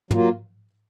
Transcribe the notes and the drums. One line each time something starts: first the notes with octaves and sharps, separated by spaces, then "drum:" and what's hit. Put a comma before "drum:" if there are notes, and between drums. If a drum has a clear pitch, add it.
F#3 A#3 F4, drum: tom